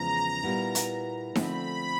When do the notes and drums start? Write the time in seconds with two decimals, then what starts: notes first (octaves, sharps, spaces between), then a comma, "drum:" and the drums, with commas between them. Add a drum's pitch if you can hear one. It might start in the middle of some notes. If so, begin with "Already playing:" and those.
Already playing: E2 C#3 F3 G#3 A#5
0.43 A#2 G3 B3 E4
0.75 drum: hi-hat
1.35 D3 F3 A3 C4 B5, drum: snare D#4